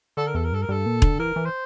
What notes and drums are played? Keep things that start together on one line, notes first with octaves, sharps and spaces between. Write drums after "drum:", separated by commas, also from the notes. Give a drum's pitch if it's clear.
D3 A4
A#4
E2 A4
A#4
G2 A4
A#4
G2 A4
A#2
D3, drum: kick E1
E3 A#4
E3
C5